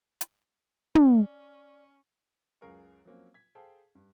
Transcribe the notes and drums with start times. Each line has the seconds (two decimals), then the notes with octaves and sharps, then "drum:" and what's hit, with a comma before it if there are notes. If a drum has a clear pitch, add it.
0.21 drum: hi-hat
0.95 C#4 D5, drum: tom
2.61 C#2 F#2 G#4 A#4 F5 C#6
3.05 F3 F#3 A#3 C4 C#4
3.34 G#6 B6
3.55 G#4 A4 C5 F5 G5 A5
3.95 G2